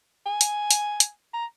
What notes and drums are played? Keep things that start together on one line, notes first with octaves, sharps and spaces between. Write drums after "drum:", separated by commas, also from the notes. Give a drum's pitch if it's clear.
G#5
drum: hi-hat
drum: hi-hat
drum: hi-hat
A#5